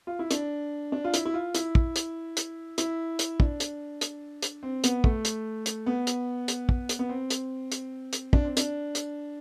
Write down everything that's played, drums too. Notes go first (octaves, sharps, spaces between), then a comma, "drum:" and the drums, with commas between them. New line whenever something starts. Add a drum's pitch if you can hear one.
F4
E4
D4, drum: hi-hat
D4
F4
E4, drum: hi-hat
E4
F4
E4, drum: hi-hat
drum: kick
drum: hi-hat
drum: hi-hat
E4, drum: hi-hat
drum: hi-hat
D4, drum: kick
drum: hi-hat
drum: hi-hat
drum: hi-hat
C4
B3, drum: hi-hat
A3, drum: kick
drum: hi-hat
drum: hi-hat
B3
drum: hi-hat
drum: hi-hat
drum: kick
drum: hi-hat
B3
C4
drum: hi-hat
drum: hi-hat
drum: hi-hat
D4, drum: kick
C4
D4, drum: hi-hat
drum: hi-hat